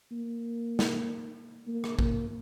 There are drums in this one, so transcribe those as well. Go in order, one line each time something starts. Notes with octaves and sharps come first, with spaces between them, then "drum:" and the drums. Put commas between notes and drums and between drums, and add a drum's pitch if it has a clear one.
A#3
drum: snare
A#3
drum: rim click
A#3, drum: kick